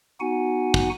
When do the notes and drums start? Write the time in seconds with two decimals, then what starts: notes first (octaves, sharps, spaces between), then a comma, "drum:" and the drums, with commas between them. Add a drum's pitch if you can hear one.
0.20 B3 D#4 F#4 F#5 G#5
0.74 drum: kick